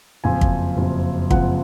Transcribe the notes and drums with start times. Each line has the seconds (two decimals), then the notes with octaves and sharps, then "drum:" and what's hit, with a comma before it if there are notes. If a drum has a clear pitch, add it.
0.24 F#1 F2 F3 G#5
0.41 drum: kick
0.77 F#1 F2 F3
1.31 F#1 F2 F3 F#5, drum: kick